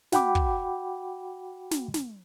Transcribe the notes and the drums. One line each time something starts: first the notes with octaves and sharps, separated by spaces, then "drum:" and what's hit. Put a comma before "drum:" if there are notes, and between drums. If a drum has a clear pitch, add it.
F#4 F#5 G5 B5 D6, drum: snare
drum: kick
drum: snare
drum: snare